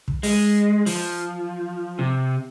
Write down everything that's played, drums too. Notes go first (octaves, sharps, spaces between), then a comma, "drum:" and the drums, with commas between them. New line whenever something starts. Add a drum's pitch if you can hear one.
drum: kick
G#3, drum: open hi-hat
F3, drum: open hi-hat
C3